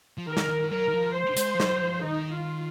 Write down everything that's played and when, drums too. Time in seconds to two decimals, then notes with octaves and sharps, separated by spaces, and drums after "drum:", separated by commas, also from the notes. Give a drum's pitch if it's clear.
0.18 F3
0.27 D#3 A#4
0.37 drum: snare
0.49 D#3
0.71 F#3 A#4
0.88 D#3
0.94 F3
1.15 C5
1.37 G#3, drum: hi-hat
1.55 F3
1.60 F#3, drum: snare
1.81 F3
2.03 D#3 D#4
2.32 F4